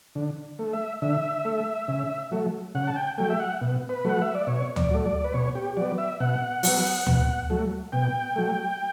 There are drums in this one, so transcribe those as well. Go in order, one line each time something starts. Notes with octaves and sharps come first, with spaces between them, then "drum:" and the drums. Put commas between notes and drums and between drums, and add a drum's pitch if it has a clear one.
D3
A3
E5
D3 E5
A3
C#3
F#3 A3
C#3 F#5
A5
G5
F#3 A3 G5
E5
F#5
B2
B4
F#3 A3 F#5
E5
D5
B2 C#5
D5, drum: tom D2
F#3 A3
D5
B4
B2 C#5
G4
F#3 B3 D5
E5
B2 F#5
F#3 B3, drum: open hi-hat
B2, drum: tom D2
F#3 A3
B2 G5
F#3 A3